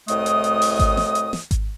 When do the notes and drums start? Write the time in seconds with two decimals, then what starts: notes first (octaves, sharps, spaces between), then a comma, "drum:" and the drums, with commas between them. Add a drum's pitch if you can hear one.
0.08 C2 A2 A3 D#5 D#6, drum: hi-hat
0.26 drum: hi-hat
0.44 drum: hi-hat
0.62 drum: open hi-hat
0.79 drum: kick G#1, hi-hat
0.97 drum: snare
1.15 drum: hi-hat
1.33 drum: snare
1.51 drum: kick G#1, hi-hat